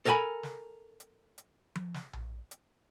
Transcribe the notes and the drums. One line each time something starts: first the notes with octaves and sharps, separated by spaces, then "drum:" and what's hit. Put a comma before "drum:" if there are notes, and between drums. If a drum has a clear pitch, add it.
A4 A#4 D5 G5 G#5 B5
drum: snare
drum: hi-hat
drum: hi-hat
drum: tom F3
drum: snare
drum: tom A#1
drum: hi-hat